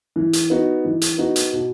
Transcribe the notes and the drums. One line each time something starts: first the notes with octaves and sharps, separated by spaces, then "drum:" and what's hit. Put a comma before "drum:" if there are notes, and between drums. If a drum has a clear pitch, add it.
E3
drum: hi-hat
B3 D#4 F#4
E3
drum: hi-hat
B3 D#4 F#4
drum: hi-hat
B2